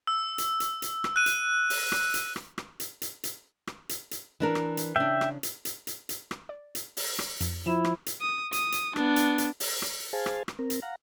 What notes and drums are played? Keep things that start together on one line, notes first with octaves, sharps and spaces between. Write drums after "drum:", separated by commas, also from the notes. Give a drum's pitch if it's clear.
E6
drum: hi-hat
drum: hi-hat
drum: hi-hat
drum: rim click
F#6 D#7
drum: hi-hat
drum: open hi-hat
drum: rim click
drum: hi-hat
drum: rim click
drum: rim click
drum: hi-hat
drum: hi-hat
drum: hi-hat
drum: rim click
drum: hi-hat
drum: hi-hat
E3 D4 A#4
drum: rim click
drum: hi-hat
C#3 D4 E5 G5
drum: rim click
drum: hi-hat
drum: hi-hat
drum: hi-hat
drum: hi-hat
drum: rim click
D5
drum: hi-hat
drum: open hi-hat
drum: rim click
F2, drum: hi-hat
F3 E4 E7
drum: rim click
drum: hi-hat
D#6
D#6, drum: hi-hat
drum: hi-hat
B3 D4, drum: rim click
drum: hi-hat
drum: hi-hat
drum: open hi-hat
drum: rim click
G#4 C5 F5 G#5 A5
drum: rim click
drum: rim click
C4 A#4
drum: hi-hat
F5 F#5 A#5